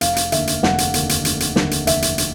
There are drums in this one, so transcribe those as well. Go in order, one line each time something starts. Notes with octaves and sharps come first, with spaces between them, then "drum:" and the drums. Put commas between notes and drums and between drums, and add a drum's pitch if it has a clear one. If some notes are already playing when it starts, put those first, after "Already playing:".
F1 F5, drum: hi-hat
drum: hi-hat
D#2 D3 E5, drum: hi-hat
drum: hi-hat
F1 F#5, drum: snare
drum: hi-hat
D#2 D3, drum: hi-hat
drum: hi-hat
F1, drum: hi-hat
drum: hi-hat
D#2 D3, drum: snare
drum: hi-hat
F1 E5, drum: hi-hat
drum: hi-hat
drum: hi-hat